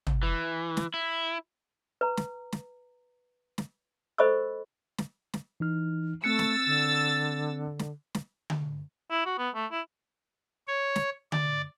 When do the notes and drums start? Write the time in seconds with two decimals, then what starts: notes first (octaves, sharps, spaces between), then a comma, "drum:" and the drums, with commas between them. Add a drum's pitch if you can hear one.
0.07 drum: tom
0.23 E3
0.77 drum: snare
0.94 E4
2.01 B4 A#5
2.17 drum: snare
2.52 drum: snare
3.58 drum: snare
4.18 A4 C5 D#5 B5 C#6 E6
4.98 drum: snare
5.34 drum: snare
5.60 E3 D#4 F6
6.24 A3 C4 E6 F#6 A6 C#7
6.39 drum: snare
6.66 D3
7.79 drum: snare
8.15 drum: snare
8.50 drum: tom D3
9.11 E4
9.26 F#4
9.38 B3
9.55 A3
9.72 E4
10.68 C#5
10.96 drum: snare
11.32 D5, drum: tom D3